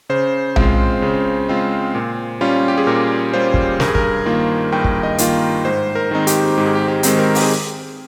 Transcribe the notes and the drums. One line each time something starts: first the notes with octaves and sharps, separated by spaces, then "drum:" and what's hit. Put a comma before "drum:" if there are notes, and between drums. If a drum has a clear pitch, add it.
C#3 C5
G#3 C4 F4, drum: tom B1
C#3
G#3 C4 F4
A#2
G3 C#4 F4
G4
G#4
A#2 A#4
G3 C#4 F4 C5
drum: kick
G2 A#4, drum: snare
G#4
A#4, drum: kick
D#3 A#3 F4
G2 G5
drum: kick
D#5
D#3 A#3 F4, drum: hi-hat
G#2 C5
A#4
D#3 G#3 C4 D#4
G4, drum: hi-hat
G#2 G4
G#4
G4
G4
D#3 G#3 C4 D#4, drum: hi-hat
A#4
G4, drum: open hi-hat
G#4